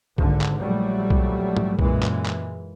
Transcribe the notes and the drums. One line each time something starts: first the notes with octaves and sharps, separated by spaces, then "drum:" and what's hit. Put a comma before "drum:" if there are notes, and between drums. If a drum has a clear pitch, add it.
G#1 D3, drum: kick B1
drum: clap
A#1 F#3 G3 A3
drum: kick B1
drum: tom G#2
F#2 A#2 E3 G#3, drum: kick B1
drum: clap
drum: clap